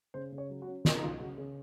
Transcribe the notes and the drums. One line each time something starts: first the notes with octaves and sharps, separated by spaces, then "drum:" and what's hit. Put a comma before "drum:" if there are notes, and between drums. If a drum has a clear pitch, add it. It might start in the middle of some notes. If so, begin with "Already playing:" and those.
C#3 C5
C#3
C#5
F#3
F#4
C#4
C#3 F4, drum: snare
D#4
F#3 F4
C#3 F#4
C#3 G#4